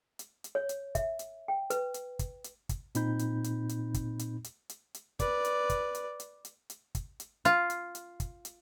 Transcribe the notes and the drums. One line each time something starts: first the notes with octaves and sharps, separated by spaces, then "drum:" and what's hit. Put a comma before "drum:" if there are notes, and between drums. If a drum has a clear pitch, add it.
drum: hi-hat
drum: hi-hat
C#5
drum: hi-hat
E5, drum: kick, hi-hat
drum: hi-hat
G5
B4, drum: hi-hat
drum: hi-hat
drum: kick, hi-hat
drum: hi-hat
drum: kick, hi-hat
A#2 C4 D#4 B5 G6, drum: hi-hat
drum: hi-hat
drum: hi-hat
drum: hi-hat
drum: kick, hi-hat
drum: hi-hat
drum: hi-hat
drum: hi-hat
drum: hi-hat
B4 D5, drum: kick, hi-hat
drum: hi-hat
drum: kick, hi-hat
drum: hi-hat
drum: hi-hat
drum: hi-hat
drum: hi-hat
drum: kick, hi-hat
drum: hi-hat
F4, drum: hi-hat
drum: hi-hat
drum: hi-hat
drum: kick, hi-hat
drum: hi-hat